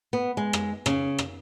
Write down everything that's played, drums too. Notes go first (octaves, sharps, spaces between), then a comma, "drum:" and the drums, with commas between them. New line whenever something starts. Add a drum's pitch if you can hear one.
B3
G#3
drum: rim click
C#3, drum: rim click
drum: rim click